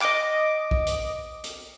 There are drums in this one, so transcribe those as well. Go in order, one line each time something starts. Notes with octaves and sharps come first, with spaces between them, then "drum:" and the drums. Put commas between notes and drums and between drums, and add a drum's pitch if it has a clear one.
D#5 D6, drum: clap
drum: kick
drum: hi-hat
drum: hi-hat